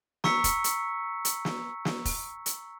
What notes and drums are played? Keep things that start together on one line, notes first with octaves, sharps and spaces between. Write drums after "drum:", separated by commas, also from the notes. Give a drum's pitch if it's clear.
A#5 C#6 E6 B6 C#7, drum: snare
drum: kick E1, hi-hat
drum: hi-hat
drum: hi-hat
drum: snare
drum: snare
drum: kick E1, open hi-hat
drum: hi-hat